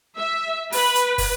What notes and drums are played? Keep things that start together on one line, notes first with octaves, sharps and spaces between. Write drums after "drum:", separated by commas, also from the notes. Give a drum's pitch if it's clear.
E5
B4, drum: open hi-hat
drum: hi-hat
drum: kick, open hi-hat